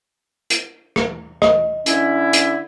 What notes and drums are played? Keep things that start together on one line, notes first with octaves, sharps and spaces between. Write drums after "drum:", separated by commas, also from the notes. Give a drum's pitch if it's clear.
drum: hi-hat
drum: rim click
D#5, drum: rim click
D3 C#4 E4, drum: hi-hat
drum: hi-hat